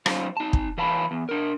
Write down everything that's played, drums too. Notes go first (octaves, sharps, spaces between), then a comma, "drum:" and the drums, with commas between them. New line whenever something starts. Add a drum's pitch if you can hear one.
F#3 C#4 D#4 F4 C5 F5, drum: rim click
D#4 A5
drum: kick
E3 B4 F5 A5 B5
E2
D4 A#4